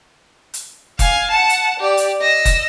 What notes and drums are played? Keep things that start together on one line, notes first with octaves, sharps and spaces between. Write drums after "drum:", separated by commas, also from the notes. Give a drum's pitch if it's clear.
drum: hi-hat
F5 G#5, drum: kick F1, hi-hat
F#5 A5
drum: hi-hat
G4 D5
drum: hi-hat
D#5 E6
drum: kick F1, hi-hat